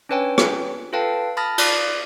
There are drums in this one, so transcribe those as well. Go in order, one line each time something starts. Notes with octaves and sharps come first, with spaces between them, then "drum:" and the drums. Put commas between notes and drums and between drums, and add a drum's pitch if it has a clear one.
C#4 D4 B4 C#5 G5 G#5
drum: rim click
F4 A4 B4 F5 G5 A5
A5 B5 D#6 F6 A6 A#6
F4 D5 D6 C7, drum: cymbal